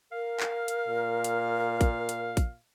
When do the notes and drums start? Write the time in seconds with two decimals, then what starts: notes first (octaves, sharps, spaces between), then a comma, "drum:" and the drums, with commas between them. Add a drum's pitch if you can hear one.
0.12 A#4 F5
0.40 drum: clap
0.68 drum: hi-hat
0.88 A#2
1.24 drum: hi-hat
1.81 drum: kick A1, hi-hat
2.09 drum: hi-hat
2.37 drum: kick A1, hi-hat